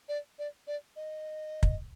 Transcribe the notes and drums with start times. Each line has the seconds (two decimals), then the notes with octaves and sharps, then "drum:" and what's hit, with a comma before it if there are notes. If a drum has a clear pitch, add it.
0.09 D5
0.39 D5
0.67 D5
0.96 D#5
1.63 drum: kick